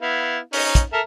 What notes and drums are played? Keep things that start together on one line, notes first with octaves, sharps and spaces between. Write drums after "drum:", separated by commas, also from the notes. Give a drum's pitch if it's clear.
B3 E4 F5
C#4 D#4, drum: open hi-hat
drum: kick, hi-hat
A4 A#4 E5